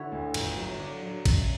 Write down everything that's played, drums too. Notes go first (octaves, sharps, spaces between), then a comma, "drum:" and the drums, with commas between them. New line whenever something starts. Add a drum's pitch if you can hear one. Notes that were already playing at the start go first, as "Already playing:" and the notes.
Already playing: D3 E4 F#4 B4 C#5
D2
G1, drum: cymbal
F#3
D3 D5
F#3
F#2, drum: kick, cymbal